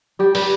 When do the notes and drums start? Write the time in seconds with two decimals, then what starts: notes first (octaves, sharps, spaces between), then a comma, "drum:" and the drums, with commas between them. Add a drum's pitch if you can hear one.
0.19 G3 G4
0.35 G3 B4, drum: open hi-hat